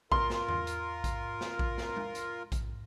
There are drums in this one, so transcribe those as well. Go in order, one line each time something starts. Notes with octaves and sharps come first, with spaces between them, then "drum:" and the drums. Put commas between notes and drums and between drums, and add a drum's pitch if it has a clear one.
F4 A#4 C6, drum: kick A#1
drum: snare
drum: tom E2
drum: hi-hat
drum: kick A#1, hi-hat
drum: snare
drum: kick A#1
drum: snare
drum: tom G#3
drum: hi-hat
drum: kick A#1, hi-hat